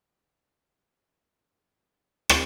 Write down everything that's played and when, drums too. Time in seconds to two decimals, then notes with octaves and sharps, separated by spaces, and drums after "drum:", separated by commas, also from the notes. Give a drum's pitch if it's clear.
0.22 G#4 F5
0.52 C2 G#2
1.39 G5
2.29 drum: rim click